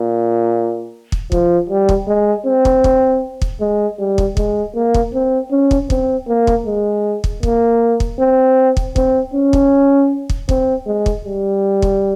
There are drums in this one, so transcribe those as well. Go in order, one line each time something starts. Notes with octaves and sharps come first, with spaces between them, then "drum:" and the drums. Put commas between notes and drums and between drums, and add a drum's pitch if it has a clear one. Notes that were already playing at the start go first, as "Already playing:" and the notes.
Already playing: A#2
drum: kick
F3, drum: kick
G3
drum: kick
G#3
C4
drum: kick
drum: kick
drum: kick
G#3
G3
drum: kick
G#3, drum: kick
A#3
drum: kick
C4
C#4
drum: kick
C4, drum: kick
A#3
drum: kick
G#3
drum: kick
A#3, drum: kick
drum: kick
C4
drum: kick
C4, drum: kick
C#4
drum: kick
drum: kick
C4, drum: kick
G#3
drum: kick
G3
drum: kick